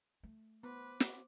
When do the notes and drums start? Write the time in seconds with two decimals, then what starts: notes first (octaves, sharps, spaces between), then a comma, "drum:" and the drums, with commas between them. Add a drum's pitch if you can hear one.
0.23 A3
0.63 B3 B4 C5 D6
1.00 drum: snare